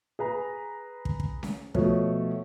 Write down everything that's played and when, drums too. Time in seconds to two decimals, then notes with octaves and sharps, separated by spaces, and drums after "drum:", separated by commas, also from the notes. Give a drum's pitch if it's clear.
0.19 G#4 B4 A#5
1.05 drum: kick
1.20 drum: kick
1.43 drum: snare C#4
1.74 B2 F3 A3 C#5, drum: kick